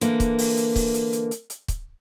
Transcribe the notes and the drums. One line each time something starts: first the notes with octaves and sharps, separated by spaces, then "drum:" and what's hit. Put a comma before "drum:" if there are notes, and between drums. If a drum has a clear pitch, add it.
D3 E3 A#3, drum: hi-hat
drum: kick, hi-hat
drum: open hi-hat
drum: hi-hat
drum: kick, open hi-hat
drum: hi-hat
drum: hi-hat
drum: hi-hat
drum: hi-hat
drum: kick, hi-hat